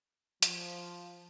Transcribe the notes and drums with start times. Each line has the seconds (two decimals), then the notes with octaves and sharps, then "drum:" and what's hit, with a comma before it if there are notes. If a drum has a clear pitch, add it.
0.43 F3, drum: hi-hat